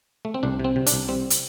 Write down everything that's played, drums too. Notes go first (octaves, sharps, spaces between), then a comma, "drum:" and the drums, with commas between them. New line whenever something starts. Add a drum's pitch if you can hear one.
A3
C4
C2 D4
C3 C4
C3
D4, drum: hi-hat
C2
G3 C4
drum: hi-hat